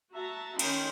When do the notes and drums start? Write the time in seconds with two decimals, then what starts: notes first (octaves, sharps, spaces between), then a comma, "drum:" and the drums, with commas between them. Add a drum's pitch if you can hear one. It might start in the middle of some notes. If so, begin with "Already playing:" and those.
0.14 F#4 E5 A5 A#5
0.59 D#3 C#4 D#4 G5 B5 C6, drum: cymbal